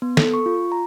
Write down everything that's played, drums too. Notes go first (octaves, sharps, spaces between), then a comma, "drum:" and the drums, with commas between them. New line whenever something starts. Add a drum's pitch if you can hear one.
B3
A4, drum: snare
C#6
F4
A#5